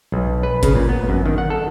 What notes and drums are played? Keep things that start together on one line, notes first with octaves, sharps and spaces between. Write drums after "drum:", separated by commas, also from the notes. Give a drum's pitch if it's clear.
B1
B4
C#3, drum: kick G#1, hi-hat
A#2
B3
F#2
D#3
F#5
A4